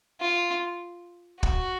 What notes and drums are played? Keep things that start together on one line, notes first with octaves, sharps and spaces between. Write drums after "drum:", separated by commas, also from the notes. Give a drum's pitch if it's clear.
F4
F#4, drum: kick